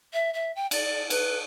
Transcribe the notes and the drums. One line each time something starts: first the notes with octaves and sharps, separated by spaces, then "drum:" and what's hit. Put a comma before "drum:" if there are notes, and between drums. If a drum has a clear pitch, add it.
E5
E5
G5
D5, drum: cymbal
B4, drum: cymbal